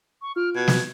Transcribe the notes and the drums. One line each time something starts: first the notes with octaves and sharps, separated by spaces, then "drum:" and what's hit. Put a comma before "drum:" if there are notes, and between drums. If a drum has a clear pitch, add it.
C#6
F4 F6 D7
B2 G#6
drum: snare